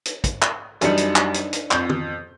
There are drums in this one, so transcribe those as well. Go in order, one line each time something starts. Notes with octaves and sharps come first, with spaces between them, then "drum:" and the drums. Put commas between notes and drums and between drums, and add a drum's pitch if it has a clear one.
drum: hi-hat
drum: kick, hi-hat
drum: clap
F#2 E3 G3 D4 D#4 C#7, drum: hi-hat
drum: hi-hat
drum: clap
drum: hi-hat
drum: hi-hat
F2 G6, drum: clap
drum: tom